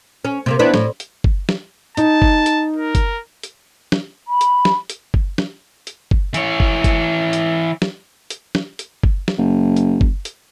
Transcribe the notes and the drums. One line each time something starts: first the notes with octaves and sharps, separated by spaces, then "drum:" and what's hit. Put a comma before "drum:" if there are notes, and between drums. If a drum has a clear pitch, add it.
C#4
C3 G3 A#3
E3 B3 D4
A2, drum: snare
drum: hi-hat
drum: kick F#1
drum: snare
D#4 A5, drum: hi-hat
drum: kick F#1
drum: hi-hat
A#4
drum: kick F#1, hi-hat
drum: hi-hat
drum: snare
B5
drum: hi-hat
drum: snare
drum: hi-hat
drum: kick F#1
drum: snare
drum: hi-hat
drum: kick F#1
E3 C#5, drum: hi-hat
drum: kick F#1
drum: kick F#1, hi-hat
drum: hi-hat
drum: snare
drum: hi-hat
drum: snare
drum: hi-hat
drum: kick F#1
drum: snare
F#1
drum: hi-hat
drum: kick F#1
drum: hi-hat